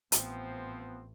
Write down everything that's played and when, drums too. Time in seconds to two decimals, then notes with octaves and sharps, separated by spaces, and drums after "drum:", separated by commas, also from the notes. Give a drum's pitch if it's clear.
0.12 A1 F3 B3 C4, drum: hi-hat